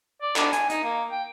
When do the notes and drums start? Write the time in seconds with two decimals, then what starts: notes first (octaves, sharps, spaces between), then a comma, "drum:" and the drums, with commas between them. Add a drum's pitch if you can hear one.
0.22 D5
0.36 D4, drum: clap
0.53 G#5, drum: hi-hat
0.69 D#4, drum: hi-hat
0.84 A#3
1.11 G5